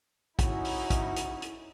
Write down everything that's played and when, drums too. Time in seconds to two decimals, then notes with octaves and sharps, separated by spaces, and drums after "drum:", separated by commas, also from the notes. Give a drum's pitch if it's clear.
0.39 C#4 D#4 E4 F#4, drum: kick, hi-hat
0.65 drum: open hi-hat
0.90 drum: kick, hi-hat
1.16 drum: hi-hat
1.42 drum: hi-hat